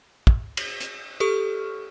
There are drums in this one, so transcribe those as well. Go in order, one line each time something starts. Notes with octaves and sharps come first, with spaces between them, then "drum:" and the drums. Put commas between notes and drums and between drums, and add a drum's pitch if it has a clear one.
drum: kick
drum: cymbal
drum: hi-hat
G4 A4 C#6 F6